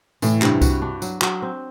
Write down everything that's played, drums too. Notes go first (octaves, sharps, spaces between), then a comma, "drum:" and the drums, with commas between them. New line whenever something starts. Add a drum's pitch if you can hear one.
A2 E3, drum: tambourine
G2 C3, drum: clap
F#4, drum: kick C2, tambourine
D4
F#3, drum: tambourine
F#3, drum: clap
C4